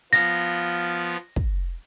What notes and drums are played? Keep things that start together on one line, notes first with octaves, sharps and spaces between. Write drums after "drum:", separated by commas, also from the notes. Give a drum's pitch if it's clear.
F3 B3 F4 A#6, drum: hi-hat
drum: kick